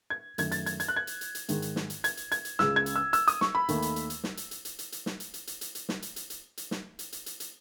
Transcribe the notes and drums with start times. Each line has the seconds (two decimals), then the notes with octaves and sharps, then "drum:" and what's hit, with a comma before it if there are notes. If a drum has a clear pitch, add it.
0.10 G#6
0.38 F#2 D#3 A3 G#6, drum: hi-hat
0.52 A6, drum: hi-hat
0.66 G#6, drum: hi-hat
0.80 G#6, drum: hi-hat
0.88 F#6
0.96 G#6
1.07 drum: hi-hat
1.21 drum: hi-hat
1.35 drum: hi-hat
1.49 G#2 D#3 G#3, drum: hi-hat
1.62 drum: hi-hat
1.76 drum: snare
1.90 drum: hi-hat
2.04 G#6, drum: hi-hat
2.17 drum: hi-hat
2.32 G#6, drum: hi-hat
2.45 drum: hi-hat
2.59 C#2 C#3 G#3 E6, drum: snare
2.76 G#6
2.86 drum: hi-hat
2.96 E6
3.13 E6, drum: hi-hat
3.28 D#6, drum: hi-hat
3.41 C#6, drum: snare
3.55 B5
3.69 D#2 D#3 A3, drum: hi-hat
3.82 drum: hi-hat
3.96 drum: hi-hat
4.10 drum: hi-hat
4.24 drum: snare
4.37 drum: hi-hat
4.51 drum: hi-hat
4.65 drum: hi-hat
4.79 drum: hi-hat
4.92 drum: hi-hat
5.06 drum: snare
5.20 drum: hi-hat
5.34 drum: hi-hat
5.47 drum: hi-hat
5.61 drum: hi-hat
5.75 drum: hi-hat
5.89 drum: snare
6.02 drum: hi-hat
6.16 drum: hi-hat
6.30 drum: hi-hat
6.57 drum: hi-hat
6.71 drum: snare
6.99 drum: hi-hat
7.12 drum: hi-hat
7.26 drum: hi-hat
7.40 drum: hi-hat